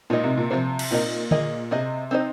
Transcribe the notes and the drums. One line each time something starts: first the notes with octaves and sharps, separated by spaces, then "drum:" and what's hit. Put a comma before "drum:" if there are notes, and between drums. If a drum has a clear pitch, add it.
A#2 G#3 D#4 C5 D#5
C3
A#2
C3 F3 G#3 F4 C5
drum: cymbal
A#2 C4 D#4 A#4 D#5
A#3 G#4 D#5, drum: tom D3
C3 C4 G#4 D#5
C4 D#4 C5 D#5